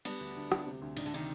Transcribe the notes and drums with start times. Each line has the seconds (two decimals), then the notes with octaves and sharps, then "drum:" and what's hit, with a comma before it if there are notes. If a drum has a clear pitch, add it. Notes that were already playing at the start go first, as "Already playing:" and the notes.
0.05 G3 B3 D4, drum: cymbal
0.21 D2
0.37 D2
0.52 G3, drum: rim click
0.66 C3
0.82 D2
0.97 D#3 D4, drum: cymbal
1.06 D3
1.14 C3 D#3